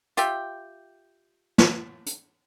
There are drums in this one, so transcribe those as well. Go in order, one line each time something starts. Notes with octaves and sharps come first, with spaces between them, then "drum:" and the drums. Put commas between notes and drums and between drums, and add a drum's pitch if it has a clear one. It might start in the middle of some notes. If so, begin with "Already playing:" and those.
F4 G4 E5 G5, drum: hi-hat
drum: snare
drum: hi-hat